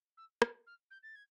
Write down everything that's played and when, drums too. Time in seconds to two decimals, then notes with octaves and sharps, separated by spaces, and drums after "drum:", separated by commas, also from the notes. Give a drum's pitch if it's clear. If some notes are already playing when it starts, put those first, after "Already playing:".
0.17 E6
0.42 F6, drum: rim click
0.67 F6
0.91 G6
1.03 A6
1.15 G#6